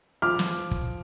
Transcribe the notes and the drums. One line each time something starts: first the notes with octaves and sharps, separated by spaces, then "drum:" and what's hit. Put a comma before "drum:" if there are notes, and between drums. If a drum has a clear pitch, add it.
F3 D6 F6
drum: snare
drum: kick